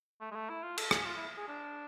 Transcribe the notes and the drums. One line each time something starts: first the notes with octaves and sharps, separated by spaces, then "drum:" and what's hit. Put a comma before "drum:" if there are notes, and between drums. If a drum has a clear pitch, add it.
A3
G#3
A3
E4
F4
A4, drum: cymbal
G#4, drum: rim click
F4
E4
G#4
D4